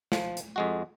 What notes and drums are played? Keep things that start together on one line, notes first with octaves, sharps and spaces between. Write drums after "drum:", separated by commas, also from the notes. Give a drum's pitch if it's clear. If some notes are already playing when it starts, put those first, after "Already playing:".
F3, drum: snare
drum: hi-hat
F2 G#3 F#4